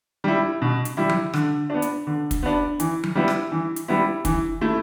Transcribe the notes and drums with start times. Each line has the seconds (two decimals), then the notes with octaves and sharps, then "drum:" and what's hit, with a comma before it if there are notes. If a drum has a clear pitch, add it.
0.24 G3 E4
0.62 B2
0.85 drum: hi-hat
0.97 G3 E4
1.09 drum: tom F3
1.34 D3, drum: rim click
1.70 B3 D4
1.82 drum: hi-hat
2.07 D3
2.31 drum: kick, hi-hat
2.43 B3 D4
2.80 E3, drum: hi-hat
3.04 drum: tom F3
3.15 G3 B3 E4
3.28 drum: rim click
3.52 E3
3.76 drum: hi-hat
3.88 G3 B3 E4
4.25 E3, drum: kick, hi-hat
4.61 A3 E4